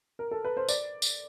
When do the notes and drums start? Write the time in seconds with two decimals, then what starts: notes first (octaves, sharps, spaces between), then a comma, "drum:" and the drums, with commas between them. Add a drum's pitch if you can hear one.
0.19 A#4
0.31 A4
0.45 B4
0.57 C5
0.69 D5, drum: tambourine
1.02 drum: tambourine